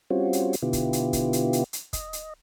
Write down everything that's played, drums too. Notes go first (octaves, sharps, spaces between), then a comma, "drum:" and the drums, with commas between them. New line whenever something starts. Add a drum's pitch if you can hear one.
G3 C4 C#4 F4 F#4
drum: hi-hat
drum: hi-hat
B2 D3 B3 E4 F4 G4
drum: kick, hi-hat
drum: hi-hat
drum: kick, hi-hat
drum: hi-hat
drum: hi-hat
drum: hi-hat
D#5, drum: kick, hi-hat
drum: hi-hat